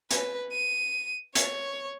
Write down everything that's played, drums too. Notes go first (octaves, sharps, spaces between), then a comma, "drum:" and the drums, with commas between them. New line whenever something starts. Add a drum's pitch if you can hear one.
B4, drum: hi-hat
D#7
C#5, drum: hi-hat